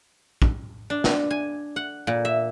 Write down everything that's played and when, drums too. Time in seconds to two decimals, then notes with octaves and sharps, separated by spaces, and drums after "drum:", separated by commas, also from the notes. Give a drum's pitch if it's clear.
0.42 drum: kick
0.90 D4
1.04 drum: snare
1.31 G#5
1.76 F#5
2.07 A#2
2.25 E5